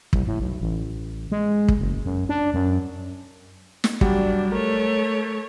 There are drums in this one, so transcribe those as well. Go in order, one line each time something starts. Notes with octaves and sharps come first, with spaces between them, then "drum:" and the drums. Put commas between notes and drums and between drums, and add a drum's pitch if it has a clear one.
C2, drum: kick
A2
B1
A1
G#3
drum: kick
F#1
F#2
D4
F#2
drum: snare
F#3 G3 D4 F#4, drum: kick
A3 A#4 C#5